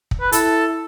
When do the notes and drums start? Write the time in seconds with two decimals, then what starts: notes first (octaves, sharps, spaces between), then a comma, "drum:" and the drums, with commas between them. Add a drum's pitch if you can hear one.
0.11 drum: kick
0.21 B4
0.32 E4 A4, drum: hi-hat